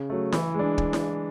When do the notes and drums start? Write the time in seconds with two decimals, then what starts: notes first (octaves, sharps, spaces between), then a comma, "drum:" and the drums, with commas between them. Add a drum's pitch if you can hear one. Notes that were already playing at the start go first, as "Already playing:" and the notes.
Already playing: C#3
0.09 F#3 A3
0.32 E3, drum: snare E4
0.54 G#3 D4
0.78 drum: kick
0.93 drum: snare E4